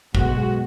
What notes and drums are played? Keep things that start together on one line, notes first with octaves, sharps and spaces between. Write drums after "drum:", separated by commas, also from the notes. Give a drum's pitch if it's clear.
B1 B2 G#3 F#4, drum: kick